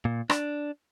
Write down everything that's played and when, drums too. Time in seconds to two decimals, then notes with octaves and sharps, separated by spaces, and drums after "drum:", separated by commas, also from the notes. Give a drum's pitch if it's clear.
0.05 A#2
0.30 D4, drum: rim click